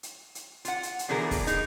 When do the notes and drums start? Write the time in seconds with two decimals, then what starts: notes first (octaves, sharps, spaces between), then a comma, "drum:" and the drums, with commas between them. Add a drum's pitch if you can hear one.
0.03 drum: hi-hat
0.35 drum: hi-hat
0.65 F4 F#5, drum: hi-hat
0.83 drum: hi-hat
0.99 drum: hi-hat
1.09 B2 D3 E3 F3 G#4 A#4
1.31 drum: kick, open hi-hat
1.47 D#4 G#4, drum: hi-hat